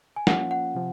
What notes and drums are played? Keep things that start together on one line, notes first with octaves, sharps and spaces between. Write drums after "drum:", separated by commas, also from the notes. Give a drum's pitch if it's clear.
G#5
F3 A#3 C#4 F4 F#5, drum: snare
F#5
C3 F3